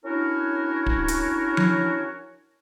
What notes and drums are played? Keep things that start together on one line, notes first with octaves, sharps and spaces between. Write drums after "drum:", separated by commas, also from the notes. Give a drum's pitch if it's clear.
C#4 D4 E4 F#4 A#4 C#5
drum: kick
drum: hi-hat
drum: tom F3